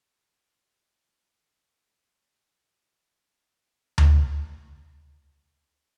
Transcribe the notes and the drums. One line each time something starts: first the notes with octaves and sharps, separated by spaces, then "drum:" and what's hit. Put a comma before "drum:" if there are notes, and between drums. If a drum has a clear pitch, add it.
C#5
B4
G#4
B4
G#4
G#4
F#4
drum: tom D2